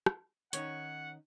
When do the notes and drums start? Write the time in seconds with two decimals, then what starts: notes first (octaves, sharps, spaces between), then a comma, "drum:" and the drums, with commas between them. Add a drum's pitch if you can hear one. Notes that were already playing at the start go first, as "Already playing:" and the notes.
0.06 drum: rim click
0.53 D#3 C#4 D#4 C#5 F#5, drum: hi-hat